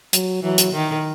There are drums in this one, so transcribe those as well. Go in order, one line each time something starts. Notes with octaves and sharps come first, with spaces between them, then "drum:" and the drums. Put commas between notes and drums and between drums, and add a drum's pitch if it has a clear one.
F#3, drum: hi-hat
E3 F#3
drum: hi-hat
D#3